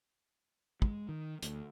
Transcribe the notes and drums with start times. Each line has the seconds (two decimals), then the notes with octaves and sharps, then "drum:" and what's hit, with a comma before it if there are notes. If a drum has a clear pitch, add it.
0.82 G#3, drum: kick
1.09 D#3
1.43 D2, drum: hi-hat